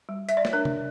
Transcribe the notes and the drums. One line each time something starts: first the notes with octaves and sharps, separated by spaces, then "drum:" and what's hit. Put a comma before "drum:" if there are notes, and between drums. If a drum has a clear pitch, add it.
G3
E5, drum: hi-hat
D5
C#5, drum: snare
D4 A#4
drum: tom C3